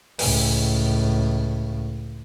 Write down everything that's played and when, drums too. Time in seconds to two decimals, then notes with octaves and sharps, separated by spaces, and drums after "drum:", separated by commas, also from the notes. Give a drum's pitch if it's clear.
0.19 C#2 A2, drum: open hi-hat